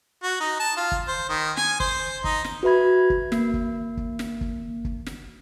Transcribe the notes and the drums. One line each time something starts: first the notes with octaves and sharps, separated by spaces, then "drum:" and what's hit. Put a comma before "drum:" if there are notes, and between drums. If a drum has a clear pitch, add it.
F#4
D#4
A5
F4
drum: kick
C5
D#3
G#5, drum: snare
C5, drum: kick
D#4, drum: kick
drum: snare
F#4 B4 E5 B5 G#6
drum: kick
A#3, drum: snare
drum: kick
drum: kick
drum: snare
drum: kick
drum: kick
drum: snare